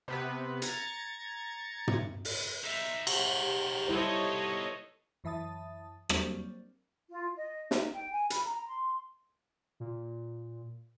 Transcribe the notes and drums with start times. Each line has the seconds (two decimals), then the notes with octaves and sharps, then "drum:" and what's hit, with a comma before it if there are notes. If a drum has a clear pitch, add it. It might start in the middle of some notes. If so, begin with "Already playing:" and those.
0.08 C3 B3 B4
0.62 A#5 G#6 A6 C#7, drum: hi-hat
1.88 drum: tom
2.25 drum: open hi-hat
2.64 B3 D#4 E5
3.07 drum: cymbal
3.35 G4
3.88 G3 E4 A4 C5 C#5 D#5
5.24 F#2 E3 E5 A5 D#6 A6
6.09 F#3 G3 A#3 C4 D4, drum: rim click
7.10 F4
7.36 D#5
7.71 D#4, drum: snare
7.93 G5
8.11 G#5
8.30 B5, drum: hi-hat
8.45 A#5
8.66 C6
9.80 A#2